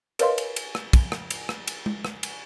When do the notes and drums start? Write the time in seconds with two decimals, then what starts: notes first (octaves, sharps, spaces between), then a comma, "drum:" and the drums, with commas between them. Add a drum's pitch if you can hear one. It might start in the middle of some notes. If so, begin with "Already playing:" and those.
0.19 A#4 B4 C#5 D#5 F5 C6, drum: cymbal
0.38 drum: cymbal
0.56 drum: cymbal
0.75 drum: rim click
0.93 drum: kick, cymbal
1.12 drum: rim click
1.30 drum: cymbal
1.49 drum: rim click
1.68 drum: cymbal
1.86 drum: tom G#3
2.05 drum: rim click
2.23 drum: cymbal